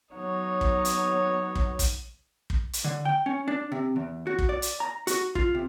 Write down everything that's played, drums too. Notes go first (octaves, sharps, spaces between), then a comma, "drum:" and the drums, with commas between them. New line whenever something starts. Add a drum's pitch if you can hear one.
F#3 B3 D#4 C#5
drum: kick
drum: hi-hat
drum: kick
drum: kick, hi-hat
drum: kick
drum: hi-hat
D3
G5
C#4
D4
C3
E2
F#4
drum: kick
D5
drum: hi-hat
A#5
F#4, drum: hi-hat
F4, drum: kick
C3